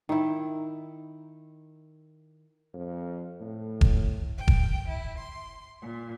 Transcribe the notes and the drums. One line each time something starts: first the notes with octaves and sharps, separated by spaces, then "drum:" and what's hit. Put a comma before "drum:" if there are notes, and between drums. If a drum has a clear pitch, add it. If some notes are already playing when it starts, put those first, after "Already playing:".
D#3 E4
F2
A2
drum: kick E1
G5
drum: kick E1
E4
C6
A#2